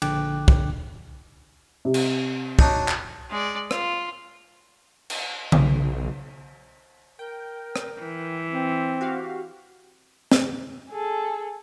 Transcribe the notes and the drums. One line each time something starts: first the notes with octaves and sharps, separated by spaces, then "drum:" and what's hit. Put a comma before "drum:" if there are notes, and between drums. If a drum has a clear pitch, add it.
A#1 D3 D4 G5 D6 F#6, drum: cymbal
drum: kick
C3
drum: cymbal
F#3 D4 D#4, drum: kick
drum: clap
G#3 D5
F4, drum: rim click
drum: cymbal
B1, drum: tom C#3
A#4 G5
drum: rim click
E3
C4 C5
F#4 G4 F5
drum: snare
G#4 A4